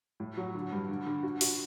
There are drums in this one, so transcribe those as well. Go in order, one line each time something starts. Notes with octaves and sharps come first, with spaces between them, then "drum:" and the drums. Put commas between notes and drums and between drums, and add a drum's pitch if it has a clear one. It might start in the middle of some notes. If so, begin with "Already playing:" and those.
A2
F#3
D3
G2
D3
D3
F#4
F#4, drum: open hi-hat